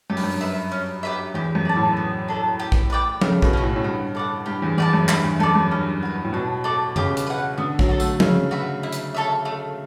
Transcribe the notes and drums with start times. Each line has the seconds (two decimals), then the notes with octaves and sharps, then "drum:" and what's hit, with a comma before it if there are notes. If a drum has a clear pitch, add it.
0.10 F#2 G4
0.17 G2, drum: open hi-hat
0.24 F#2
0.41 B4 E5
0.72 C#4
1.03 G4 B4 E5
1.34 E2 G4
1.55 F#2
1.65 D5 A5
1.76 A2
1.97 B3
2.28 D4 A4
2.59 G4
2.72 drum: kick A#1
2.90 B4 D5 G5
3.21 C#3 A3, drum: tom F3
3.42 B2, drum: kick A#1
3.53 C#4 F#4
3.63 A2
3.76 A2
3.84 G2 F#4
4.15 A4 D5 F#5
4.46 G2 G4
4.62 E2
4.78 E2 D5 F#5 A5
4.93 F#2
5.09 G2 E4, drum: clap
5.24 E2
5.39 F#2 A4 D5
5.55 F#2
5.71 G2 C#4
6.02 F#4 B4
6.24 A2
6.33 B2 D4
6.64 A4 D5
6.96 C#3 G4, drum: tom F#2
7.17 drum: hi-hat
7.27 B4 F#5
7.58 D3 B3
7.79 F#3, drum: kick A#1
7.89 F#4 A4
8.00 A3, drum: tambourine
8.20 C#3 C#4, drum: tom F3
8.51 F#4 B4 E5
8.83 E4
8.92 drum: hi-hat
9.14 A4 C#5 E5
9.45 A3